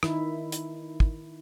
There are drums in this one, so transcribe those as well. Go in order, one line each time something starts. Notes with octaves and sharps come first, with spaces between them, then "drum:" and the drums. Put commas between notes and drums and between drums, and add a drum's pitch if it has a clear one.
D#3 D#4 E4, drum: rim click
drum: hi-hat
drum: kick